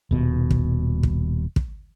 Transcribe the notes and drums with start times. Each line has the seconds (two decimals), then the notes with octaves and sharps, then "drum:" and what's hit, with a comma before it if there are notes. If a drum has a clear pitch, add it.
0.11 D#1 B2
0.51 drum: kick
1.03 drum: kick
1.56 drum: kick